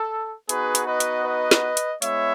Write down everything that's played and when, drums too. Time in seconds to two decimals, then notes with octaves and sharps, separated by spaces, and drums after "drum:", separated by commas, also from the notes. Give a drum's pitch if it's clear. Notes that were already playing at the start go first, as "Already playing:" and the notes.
Already playing: A4
0.49 B3 D#4 F#4 G#4 B4, drum: hi-hat
0.75 drum: hi-hat
0.88 B4 D#5
1.00 drum: hi-hat
1.26 B4 D#5
1.51 drum: snare
1.77 drum: hi-hat
2.02 G#3 B3 E4 C#5 E5, drum: hi-hat